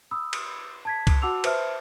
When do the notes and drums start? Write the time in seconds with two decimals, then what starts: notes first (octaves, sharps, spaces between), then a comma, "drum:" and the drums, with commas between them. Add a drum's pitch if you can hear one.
0.11 B5 D#6 E6
0.33 drum: cymbal
0.85 A5 G#6 B6
1.07 drum: kick C2, cymbal
1.22 F#4 F#5 A5 D6 E6 F7
1.44 B4 C5 E5 A5 F6, drum: cymbal